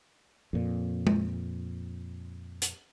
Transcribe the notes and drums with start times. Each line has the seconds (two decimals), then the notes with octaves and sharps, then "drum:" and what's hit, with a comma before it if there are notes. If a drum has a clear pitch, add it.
0.53 F2 A#2
1.07 drum: tom G#3
2.62 drum: hi-hat